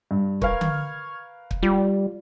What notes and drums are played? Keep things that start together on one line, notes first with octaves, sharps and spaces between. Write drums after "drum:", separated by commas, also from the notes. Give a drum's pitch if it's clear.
G2
A#4 B4 F5 C#6 F6 G#6, drum: kick
drum: tom D3
drum: kick
G3 F4